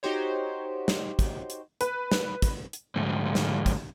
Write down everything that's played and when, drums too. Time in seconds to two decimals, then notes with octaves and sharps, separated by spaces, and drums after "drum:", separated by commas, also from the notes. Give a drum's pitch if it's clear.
0.03 D#4 F#4 G4 C5 C#5
0.88 drum: snare
1.19 drum: kick, hi-hat
1.50 drum: hi-hat
1.81 B4, drum: hi-hat
2.12 drum: snare
2.42 drum: kick, hi-hat
2.73 drum: hi-hat
2.96 D2 G#2
3.35 drum: snare
3.66 drum: kick, hi-hat